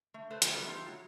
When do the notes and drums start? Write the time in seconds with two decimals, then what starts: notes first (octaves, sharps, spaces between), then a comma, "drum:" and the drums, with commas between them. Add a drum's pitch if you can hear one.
0.14 A3
0.30 A3 B4 C5
0.42 F3 G#3 A3 F#4, drum: hi-hat
0.54 G3 A#3 B3
0.66 E3 A3 D#4 F4 G4
0.88 F#3